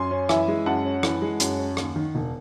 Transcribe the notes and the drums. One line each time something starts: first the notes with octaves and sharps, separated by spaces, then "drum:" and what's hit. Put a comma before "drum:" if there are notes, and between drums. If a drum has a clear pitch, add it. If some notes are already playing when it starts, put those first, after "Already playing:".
Already playing: F#2 G#5 C6
C#4
E3 E5 G#5, drum: rim click
G#3
F#2 F#5 A5
C#4
E3, drum: rim click
G#3
F#2, drum: hi-hat
C#4
D#2, drum: rim click
D#3
E1